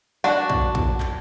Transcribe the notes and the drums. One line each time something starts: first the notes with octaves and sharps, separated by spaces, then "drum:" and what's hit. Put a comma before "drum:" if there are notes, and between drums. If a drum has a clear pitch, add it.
D4 F#4
drum: kick
drum: kick
drum: clap